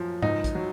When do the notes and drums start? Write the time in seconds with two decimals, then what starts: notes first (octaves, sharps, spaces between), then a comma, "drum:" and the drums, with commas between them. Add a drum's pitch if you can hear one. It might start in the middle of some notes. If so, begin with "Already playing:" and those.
Already playing: F#2 F3
0.22 C#2 D#4, drum: tom G#2
0.44 drum: kick, hi-hat
0.55 F#3